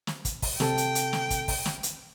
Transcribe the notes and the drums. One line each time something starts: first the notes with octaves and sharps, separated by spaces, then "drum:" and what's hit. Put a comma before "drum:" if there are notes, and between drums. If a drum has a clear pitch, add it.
drum: snare
drum: kick, hi-hat
drum: kick, open hi-hat
C3 A4 G5 A5, drum: snare
drum: hi-hat
drum: hi-hat
drum: snare
drum: kick, hi-hat
drum: kick, open hi-hat
drum: snare
drum: hi-hat